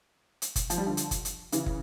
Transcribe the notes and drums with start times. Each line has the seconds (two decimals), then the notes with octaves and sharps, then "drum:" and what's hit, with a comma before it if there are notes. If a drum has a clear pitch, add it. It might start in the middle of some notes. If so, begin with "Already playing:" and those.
0.42 drum: hi-hat
0.56 drum: kick, hi-hat
0.70 F3, drum: hi-hat
0.78 G3
0.87 D3 F3
0.97 drum: hi-hat
1.11 drum: kick, hi-hat
1.25 drum: hi-hat
1.52 C#3 E3, drum: hi-hat
1.66 drum: kick